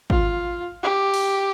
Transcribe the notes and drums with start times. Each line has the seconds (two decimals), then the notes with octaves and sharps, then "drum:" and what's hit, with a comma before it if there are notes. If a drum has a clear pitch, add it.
0.10 F4, drum: kick G#1
0.84 G4
1.14 drum: open hi-hat